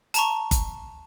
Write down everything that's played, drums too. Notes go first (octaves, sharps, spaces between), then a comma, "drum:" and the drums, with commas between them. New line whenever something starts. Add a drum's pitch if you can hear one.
A5 A#5 C#6, drum: hi-hat
drum: kick G1, hi-hat